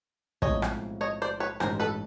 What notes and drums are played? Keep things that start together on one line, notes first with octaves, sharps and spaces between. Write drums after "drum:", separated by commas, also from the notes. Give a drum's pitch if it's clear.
B1 A2 F3 G#3 C4 C#5 D#5, drum: kick
drum: rim click
C#5 D#5
C5 D5
B4 C#5
A1 G2 D#3 G#3 A#4 C5, drum: rim click
A4 B4